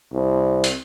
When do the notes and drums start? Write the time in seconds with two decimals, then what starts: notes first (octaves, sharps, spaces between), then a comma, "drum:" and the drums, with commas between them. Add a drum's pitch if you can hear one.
0.13 C2
0.64 drum: hi-hat